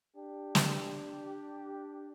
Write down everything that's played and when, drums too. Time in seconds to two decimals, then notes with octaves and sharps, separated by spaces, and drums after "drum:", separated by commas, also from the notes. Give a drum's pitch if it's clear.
0.16 D4 G4
0.55 drum: snare